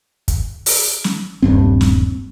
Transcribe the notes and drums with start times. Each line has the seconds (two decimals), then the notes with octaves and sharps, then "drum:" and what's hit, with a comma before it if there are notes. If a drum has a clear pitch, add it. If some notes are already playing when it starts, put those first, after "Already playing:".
0.28 drum: kick, hi-hat
0.66 drum: open hi-hat
1.04 drum: snare
1.42 D#1 G#1 G2 C4
1.81 drum: snare